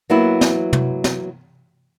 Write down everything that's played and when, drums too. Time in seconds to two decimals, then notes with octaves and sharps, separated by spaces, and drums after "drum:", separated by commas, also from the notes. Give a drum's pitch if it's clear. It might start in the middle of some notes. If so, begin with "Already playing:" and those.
0.10 F#3 A#3 B3 E4
0.41 drum: snare
0.73 drum: tom
1.04 drum: snare